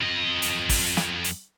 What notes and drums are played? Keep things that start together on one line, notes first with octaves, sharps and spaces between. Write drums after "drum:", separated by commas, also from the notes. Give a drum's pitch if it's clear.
F2 D#5
drum: hi-hat
drum: kick, open hi-hat
drum: snare
drum: hi-hat